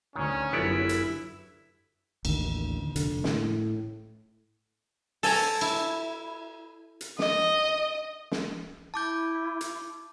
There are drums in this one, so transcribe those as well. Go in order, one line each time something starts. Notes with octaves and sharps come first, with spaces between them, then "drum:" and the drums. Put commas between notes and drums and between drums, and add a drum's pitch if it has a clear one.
D2 D#3 C#4
G1 F#2 B3 E4 D5
drum: hi-hat
A1 D#2 D3 D#3, drum: cymbal
F1 D3, drum: hi-hat
A2, drum: snare
A4 G#5 A#5, drum: open hi-hat
E4, drum: cymbal
drum: hi-hat
D#5, drum: snare
drum: snare
E4 A5 D6 G6
drum: hi-hat